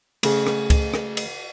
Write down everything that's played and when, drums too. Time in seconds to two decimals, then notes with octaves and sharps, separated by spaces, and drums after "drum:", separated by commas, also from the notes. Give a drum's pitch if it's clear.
0.23 C#3 A3 G#4, drum: cymbal
0.47 drum: rim click
0.70 drum: kick, cymbal
0.94 drum: rim click
1.17 drum: cymbal